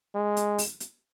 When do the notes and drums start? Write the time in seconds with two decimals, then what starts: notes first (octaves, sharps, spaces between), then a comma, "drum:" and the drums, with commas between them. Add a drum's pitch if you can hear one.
0.15 G#3
0.37 drum: hi-hat
0.58 drum: open hi-hat
0.80 drum: hi-hat